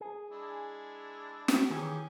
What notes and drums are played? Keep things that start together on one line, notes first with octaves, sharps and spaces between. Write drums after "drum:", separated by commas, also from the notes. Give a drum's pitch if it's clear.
G#4
G#3 D4 E4
drum: snare
D#3 E3 C#4 G4 G#4